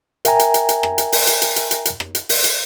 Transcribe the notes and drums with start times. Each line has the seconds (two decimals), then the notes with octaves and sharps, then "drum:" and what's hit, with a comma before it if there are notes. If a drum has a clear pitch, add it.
0.25 A#4 E5 G5 G#5 A#5, drum: hi-hat
0.39 drum: hi-hat
0.54 drum: hi-hat
0.69 drum: hi-hat
0.83 drum: rim click
0.98 drum: hi-hat
1.12 drum: open hi-hat
1.27 drum: hi-hat
1.42 drum: hi-hat
1.56 drum: hi-hat
1.71 drum: hi-hat
1.85 drum: hi-hat
2.00 drum: rim click
2.15 drum: hi-hat
2.29 drum: open hi-hat
2.44 drum: hi-hat